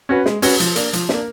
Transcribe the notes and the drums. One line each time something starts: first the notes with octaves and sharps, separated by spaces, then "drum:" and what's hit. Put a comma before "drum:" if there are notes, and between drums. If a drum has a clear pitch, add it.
C#4 F#4 B4
G#3, drum: snare
C#4 F#4 B4, drum: open hi-hat
F3, drum: hi-hat
A#3 D4, drum: hi-hat
F3, drum: hi-hat
D4, drum: snare
A#3